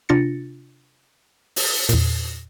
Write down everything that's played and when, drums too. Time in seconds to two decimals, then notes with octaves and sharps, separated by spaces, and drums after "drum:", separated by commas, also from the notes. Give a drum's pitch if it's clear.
0.09 C3 D4 F4 A6 A#6 C#7
1.56 drum: open hi-hat
1.89 E2 A#2, drum: hi-hat